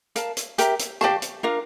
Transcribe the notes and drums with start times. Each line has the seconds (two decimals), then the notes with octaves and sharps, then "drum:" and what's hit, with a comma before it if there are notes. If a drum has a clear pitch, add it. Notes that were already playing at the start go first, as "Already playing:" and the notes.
0.16 A#4 F5 A5, drum: hi-hat
0.37 drum: hi-hat
0.58 G4 A#4 E5 A#5, drum: hi-hat
0.79 drum: hi-hat
1.01 G4 D5 F5 A5, drum: rim click
1.22 drum: hi-hat
1.43 D4 F4 A#4 F5